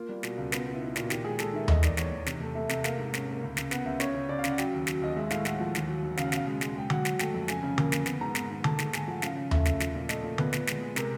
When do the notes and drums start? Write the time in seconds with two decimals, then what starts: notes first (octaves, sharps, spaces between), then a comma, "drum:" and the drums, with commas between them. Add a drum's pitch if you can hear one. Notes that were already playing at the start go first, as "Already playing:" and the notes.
Already playing: A#3 F4
0.09 G3
0.23 B2, drum: snare
0.37 C#2
0.52 B3 F4, drum: snare
0.67 B3
0.74 E4
0.81 B3 D#4
0.96 A#2 F#4, drum: snare
1.10 D#3 G4, drum: snare
1.24 G#3 G#4
1.39 G#3 A4, drum: snare
1.53 D#3 E5
1.68 E2 D#5, drum: tom D#2
1.83 D#3 D5, drum: snare
1.97 E2 C#5, drum: snare
2.12 E2
2.26 C3, drum: snare
2.40 A3
2.55 A3 E5
2.69 C3, drum: snare
2.84 A#3 F5, drum: snare
2.99 G#2
3.14 C#4, drum: snare
3.27 A#3
3.42 C#2
3.57 C#2, drum: snare
3.71 B3 F#5, drum: snare
3.85 C#2 E5
4.00 C#3 C#5, drum: snare
4.14 C#3
4.29 C#3 D5
4.39 F5
4.44 C#3 F#5, drum: snare
4.58 F#3 G5, drum: snare
4.73 D#2
4.87 F#3, drum: snare
5.01 D#2 D#5
5.16 G#3 E5
5.30 A2 F5, drum: snare
5.45 A2 F#5, drum: snare
5.60 F3
5.75 D#2, drum: snare
5.89 F#3
6.03 D#2
6.17 C#3 F5, drum: snare
6.26 F#5
6.32 B2 F5, drum: snare
6.47 G#3
6.61 G#3, drum: snare
6.76 G#3 G5
6.90 F#3 F#5, drum: tom D3
7.05 F#3, drum: snare
7.19 A3 G5, drum: snare
7.34 F2
7.48 C#3 G#5, drum: snare
7.63 C#3
7.78 A#3, drum: tom D3
7.92 A#3, drum: snare
8.06 B3, drum: snare
8.21 G#2 A#5
8.35 B3, drum: snare
8.50 D#3
8.64 A3 A5, drum: tom D3
8.79 G#2, drum: snare
8.93 A3 G#5, drum: snare
9.08 F3 F#5
9.22 C#3 F5, drum: snare
9.37 C#3
9.51 A3 E5, drum: tom D#2
9.65 C#3, drum: snare
9.80 F3, drum: snare
9.95 A#2
10.09 A3 D#5, drum: snare
10.24 A#2
10.38 B3 B4, drum: tom D3
10.53 B3, drum: snare
10.67 G#3, drum: snare
10.82 G#3
10.96 C3 A#4, drum: snare